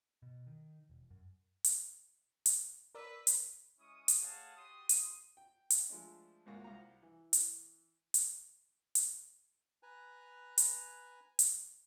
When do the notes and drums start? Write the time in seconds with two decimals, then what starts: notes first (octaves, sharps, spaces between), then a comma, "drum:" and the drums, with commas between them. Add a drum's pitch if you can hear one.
0.22 B2
0.47 D#3
0.90 E1
1.10 F#2
1.64 drum: hi-hat
2.46 drum: hi-hat
2.95 A#4 B4 D5 E6
3.27 drum: hi-hat
3.79 G#3 C#4 E4 C#6 D#6
4.08 drum: hi-hat
4.21 A3 G#4 C#5 F5 F#5 A5
4.56 F#4 G4 C6 D#6
4.89 drum: hi-hat
5.37 G5
5.70 drum: hi-hat
5.90 F3 G#3 A3 D4
6.46 G#1 C#2 G#2 A#3 F#4 C#6
6.64 C2 F5 F#5 A#5
7.03 E3
7.33 drum: hi-hat
8.14 drum: hi-hat
8.95 drum: hi-hat
9.83 B4 G#5 A#5 F#6
10.58 drum: hi-hat
11.39 drum: hi-hat